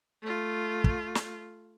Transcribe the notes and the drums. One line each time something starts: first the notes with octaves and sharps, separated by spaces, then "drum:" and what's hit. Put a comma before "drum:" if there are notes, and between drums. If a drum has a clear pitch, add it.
A3 F4
drum: kick
drum: snare